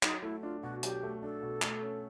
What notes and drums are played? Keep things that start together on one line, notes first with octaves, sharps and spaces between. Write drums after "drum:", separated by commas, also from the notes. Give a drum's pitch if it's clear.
F#3 D#4, drum: clap
A3 E4
D4 F4
B2 F#4
F#3 G4, drum: hi-hat
A3
D4 A4
B2
A3, drum: clap
C#4